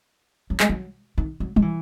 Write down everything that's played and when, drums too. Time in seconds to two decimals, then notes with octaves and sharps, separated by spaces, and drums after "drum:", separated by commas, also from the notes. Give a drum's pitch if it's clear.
0.50 F#3
0.60 G#3, drum: clap
0.69 F#3
1.18 D#3
1.40 F#3
1.56 F#3, drum: tom G3
1.62 E3